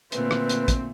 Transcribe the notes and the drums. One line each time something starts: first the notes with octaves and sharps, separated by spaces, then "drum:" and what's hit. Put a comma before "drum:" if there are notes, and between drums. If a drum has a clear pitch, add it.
A#2 D3 A3 C4 B4, drum: hi-hat
drum: rim click
drum: hi-hat
drum: kick, hi-hat